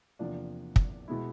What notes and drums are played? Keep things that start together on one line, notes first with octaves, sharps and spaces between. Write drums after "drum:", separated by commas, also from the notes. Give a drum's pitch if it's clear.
E2 C3 F3 A#3 D4
drum: kick
B2 G#3 B3 E4